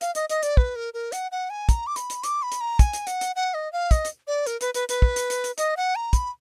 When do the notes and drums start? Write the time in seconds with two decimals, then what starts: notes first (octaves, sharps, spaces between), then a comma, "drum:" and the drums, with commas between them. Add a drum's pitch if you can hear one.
0.01 F5, drum: hi-hat
0.15 D#5, drum: hi-hat
0.30 D#5, drum: hi-hat
0.43 D5, drum: hi-hat
0.57 B4, drum: kick
0.76 A#4
0.94 A#4
1.12 F#5, drum: hi-hat
1.32 F#5
1.50 G#5
1.69 A#5, drum: kick, hi-hat
1.87 D6
1.96 B5, drum: hi-hat
2.10 drum: hi-hat
2.23 D6, drum: hi-hat
2.43 B5
2.52 drum: hi-hat
2.61 A#5
2.79 G#5, drum: kick, hi-hat
2.93 drum: hi-hat
3.07 F#5, drum: hi-hat
3.21 drum: hi-hat
3.36 F#5
3.54 D#5
3.73 F5
3.91 D#5, drum: kick, hi-hat
4.05 drum: hi-hat
4.27 D5
4.47 A#4, drum: hi-hat
4.61 B4, drum: hi-hat
4.74 B4, drum: hi-hat
4.89 B4, drum: hi-hat
5.02 drum: kick
5.16 drum: hi-hat
5.30 drum: hi-hat
5.44 drum: hi-hat
5.58 D#5, drum: hi-hat
5.77 F#5
5.96 A#5
6.13 B5, drum: kick, hi-hat